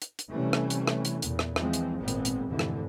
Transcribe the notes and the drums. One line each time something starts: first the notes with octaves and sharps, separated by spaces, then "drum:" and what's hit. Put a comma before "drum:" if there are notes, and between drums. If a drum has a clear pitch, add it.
drum: hi-hat
drum: hi-hat
C3 E3 G3 A3 C#4
drum: rim click
drum: hi-hat
drum: rim click
drum: hi-hat
E2 A#2, drum: hi-hat
drum: rim click
E3 F3 G#3 C4, drum: rim click
drum: hi-hat
G#1 A#2 G#3 B3 C4
drum: hi-hat
drum: hi-hat
F1 G#2 D3 E3
drum: rim click